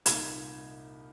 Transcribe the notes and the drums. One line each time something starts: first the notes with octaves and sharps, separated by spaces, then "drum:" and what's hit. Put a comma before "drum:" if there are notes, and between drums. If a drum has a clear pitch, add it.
C2 A#2 A#3 D#4 G#6, drum: hi-hat